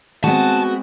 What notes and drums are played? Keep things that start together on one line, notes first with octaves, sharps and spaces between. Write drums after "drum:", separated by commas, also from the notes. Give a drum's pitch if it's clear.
G#3 B3 C4 F#4 A5, drum: tom D#3